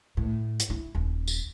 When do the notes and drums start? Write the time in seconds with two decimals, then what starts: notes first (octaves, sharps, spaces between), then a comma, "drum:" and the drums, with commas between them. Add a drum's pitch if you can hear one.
0.17 A2
0.60 drum: hi-hat
0.70 E4
0.95 D#1
1.28 drum: tambourine